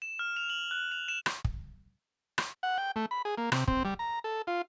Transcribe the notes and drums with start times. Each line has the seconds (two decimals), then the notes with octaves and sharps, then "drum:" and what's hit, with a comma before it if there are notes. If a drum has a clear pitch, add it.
0.02 E7
0.19 F6
0.37 F7
0.50 F#7
0.71 F#6
0.92 F7
1.08 E7
1.26 drum: rim click
1.44 drum: kick
2.38 drum: rim click
2.63 F#5
2.78 G5
2.96 A3
3.11 B5
3.25 G#4
3.38 A#3
3.52 C3, drum: rim click
3.68 C4, drum: kick
3.85 G3
3.99 A#5
4.24 A4
4.47 F4